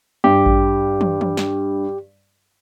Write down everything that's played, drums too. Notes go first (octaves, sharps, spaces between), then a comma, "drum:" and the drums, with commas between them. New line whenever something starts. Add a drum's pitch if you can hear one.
G2 G4
drum: kick A1
drum: tom
drum: tom
drum: snare